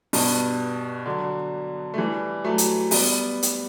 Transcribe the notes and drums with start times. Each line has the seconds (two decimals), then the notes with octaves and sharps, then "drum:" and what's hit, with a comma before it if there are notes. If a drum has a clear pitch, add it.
0.13 G2 B2, drum: open hi-hat
1.06 D3 F#3
1.94 A3
1.98 E3 G3
2.44 F#3 A3
2.58 drum: hi-hat
2.91 G3 B3, drum: open hi-hat
3.43 drum: hi-hat